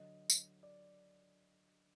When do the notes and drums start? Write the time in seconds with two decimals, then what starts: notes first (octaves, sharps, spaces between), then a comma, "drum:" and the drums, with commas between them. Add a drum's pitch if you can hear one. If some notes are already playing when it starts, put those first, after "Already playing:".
Already playing: D3 F#3 D#5
0.30 drum: tambourine
0.63 D5